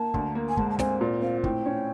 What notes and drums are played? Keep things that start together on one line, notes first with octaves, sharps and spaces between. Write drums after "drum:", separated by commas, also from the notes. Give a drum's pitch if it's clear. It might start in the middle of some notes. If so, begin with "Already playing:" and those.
Already playing: A#3 A5
D2, drum: kick
A#3
G#5
G#2 A5, drum: kick
A5
C4 G#5, drum: snare
A#2
C4 F5
A2 G5, drum: kick
C#4